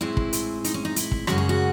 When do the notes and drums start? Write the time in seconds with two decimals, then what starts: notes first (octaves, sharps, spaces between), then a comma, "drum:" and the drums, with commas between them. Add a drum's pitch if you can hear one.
0.01 A2 G#3 C4 E4
0.17 drum: kick
0.33 drum: hi-hat
0.64 D#4, drum: hi-hat
0.74 C#4
0.85 D#4
0.96 E4, drum: hi-hat
1.11 drum: kick
1.27 F#2 C#3 G#3 C#4 F#4, drum: rim click
1.38 G#4
1.49 F#4